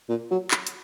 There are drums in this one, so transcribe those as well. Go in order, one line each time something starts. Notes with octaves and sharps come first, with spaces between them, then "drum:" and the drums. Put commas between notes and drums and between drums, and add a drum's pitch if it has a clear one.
A#2
F#3
drum: clap
drum: hi-hat